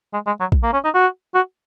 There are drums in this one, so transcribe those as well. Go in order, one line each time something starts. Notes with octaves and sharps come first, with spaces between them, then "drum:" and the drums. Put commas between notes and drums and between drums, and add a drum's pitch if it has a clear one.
G#3
G#3
F#3
drum: kick
A#3
C#4
D#4
F#4
F#4